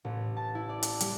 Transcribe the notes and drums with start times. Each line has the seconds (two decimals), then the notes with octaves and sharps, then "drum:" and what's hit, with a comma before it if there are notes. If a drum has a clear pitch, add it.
0.04 A1
0.37 A5
0.55 E4
0.69 D5
0.83 drum: hi-hat
1.00 G3, drum: hi-hat